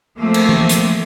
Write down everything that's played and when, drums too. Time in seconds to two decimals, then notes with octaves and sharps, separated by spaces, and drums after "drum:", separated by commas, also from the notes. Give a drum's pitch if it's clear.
0.18 F3 A3 A#3 C4
0.34 drum: cymbal
0.49 drum: tom E3
0.69 drum: hi-hat